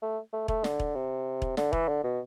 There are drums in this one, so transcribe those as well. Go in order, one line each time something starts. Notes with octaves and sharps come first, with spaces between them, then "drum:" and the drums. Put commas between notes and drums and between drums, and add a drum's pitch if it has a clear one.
A3
A3
A3, drum: kick E1
D3, drum: snare
drum: kick E1
C3
drum: kick E1
D3, drum: snare
E3, drum: kick E1
D3
B2